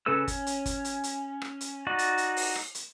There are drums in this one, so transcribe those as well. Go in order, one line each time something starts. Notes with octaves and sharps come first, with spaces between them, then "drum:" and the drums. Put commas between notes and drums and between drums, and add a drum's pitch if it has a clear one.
C#3 C#4 A4 B4 E6
C#4, drum: kick, hi-hat
drum: hi-hat
drum: kick, hi-hat
drum: hi-hat
drum: hi-hat
drum: rim click
drum: hi-hat
D#4 F#4 D5
drum: hi-hat
drum: hi-hat
drum: open hi-hat
drum: rim click
drum: hi-hat